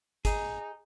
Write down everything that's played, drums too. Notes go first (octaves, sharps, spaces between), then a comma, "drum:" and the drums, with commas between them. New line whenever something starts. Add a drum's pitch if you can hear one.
D#4 G#4, drum: kick G#1, hi-hat